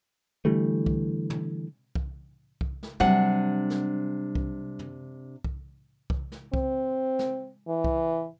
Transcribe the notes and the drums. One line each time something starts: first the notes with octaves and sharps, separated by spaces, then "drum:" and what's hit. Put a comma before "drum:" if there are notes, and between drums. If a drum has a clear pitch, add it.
D3 E3 G3 A3
drum: kick C2
drum: tom
drum: kick C2
drum: kick C2
drum: snare
C3 F#3 G3 D4 F#5
drum: snare
drum: kick C2
drum: tom
drum: kick C2
drum: kick C2
drum: snare
C4, drum: kick C2
drum: snare
E3
drum: kick C2